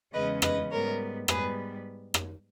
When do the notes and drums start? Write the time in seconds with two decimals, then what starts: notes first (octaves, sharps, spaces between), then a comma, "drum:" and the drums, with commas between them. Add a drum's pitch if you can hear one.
0.13 E2 C#3 G#3 C#4 B4 D#5
0.42 B4 D#5, drum: rim click
0.71 G#2 G3 B3 A#4 C#5
1.28 G#2 G3 B3 G#4 B4, drum: rim click
2.14 drum: rim click